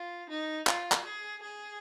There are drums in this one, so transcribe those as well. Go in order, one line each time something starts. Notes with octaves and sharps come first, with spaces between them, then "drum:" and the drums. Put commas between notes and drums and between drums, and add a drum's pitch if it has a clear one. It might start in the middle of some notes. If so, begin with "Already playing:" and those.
Already playing: F4
D#4
F4, drum: clap
drum: clap
G#4
G#4